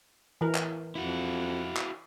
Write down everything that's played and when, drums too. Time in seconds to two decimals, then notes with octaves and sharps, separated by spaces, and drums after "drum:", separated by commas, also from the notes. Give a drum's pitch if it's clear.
0.41 E3 A#4
0.55 drum: clap
0.95 F2 E4 F#4
1.77 drum: clap